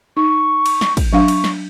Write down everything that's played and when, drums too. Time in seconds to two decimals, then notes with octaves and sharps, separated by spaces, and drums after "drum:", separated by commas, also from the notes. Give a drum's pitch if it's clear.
0.17 D#4 C#6
0.66 drum: cymbal
0.81 drum: snare
0.97 drum: kick, cymbal
1.13 F#3 D4 F5 C#6
1.28 drum: cymbal
1.44 drum: snare